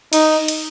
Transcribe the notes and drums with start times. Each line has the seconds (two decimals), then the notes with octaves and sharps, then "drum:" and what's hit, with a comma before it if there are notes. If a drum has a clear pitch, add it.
0.13 D#4, drum: cymbal
0.48 drum: cymbal